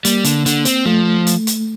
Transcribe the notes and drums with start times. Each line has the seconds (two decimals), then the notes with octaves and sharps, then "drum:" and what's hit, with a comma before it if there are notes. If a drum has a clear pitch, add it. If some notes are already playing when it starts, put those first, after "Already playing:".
0.05 G3 A#3, drum: hi-hat
0.24 D3, drum: hi-hat
0.46 D3, drum: hi-hat
0.65 C4, drum: hi-hat
0.86 F3 A3
1.27 drum: hi-hat
1.47 drum: hi-hat